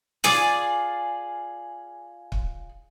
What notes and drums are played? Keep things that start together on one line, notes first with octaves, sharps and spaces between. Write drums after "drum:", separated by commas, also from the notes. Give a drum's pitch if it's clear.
F4 G#4 D5, drum: snare
drum: kick